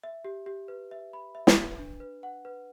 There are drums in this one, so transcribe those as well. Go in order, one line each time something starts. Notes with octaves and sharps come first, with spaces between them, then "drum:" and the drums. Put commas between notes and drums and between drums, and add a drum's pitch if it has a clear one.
E5
G4
G4
B4
E5
B5
E5
drum: snare
B4
D4
B4
F#5
B4